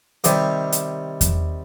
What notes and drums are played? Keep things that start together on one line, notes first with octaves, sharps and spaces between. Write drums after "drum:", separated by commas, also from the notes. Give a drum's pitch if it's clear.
C3 D#3 G3, drum: hi-hat
drum: hi-hat
drum: kick E2, hi-hat